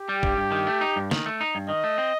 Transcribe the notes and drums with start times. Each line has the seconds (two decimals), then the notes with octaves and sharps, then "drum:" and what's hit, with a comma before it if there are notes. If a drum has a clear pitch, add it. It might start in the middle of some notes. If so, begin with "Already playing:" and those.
Already playing: G4
0.09 G3
0.23 G2, drum: kick
0.37 G2
0.52 D#3
0.67 A3
0.81 D#4
0.96 G2
1.11 D#3, drum: snare
1.26 A3
1.41 D#4
1.55 G2
1.69 D#3 D#5
1.84 A3
1.98 C4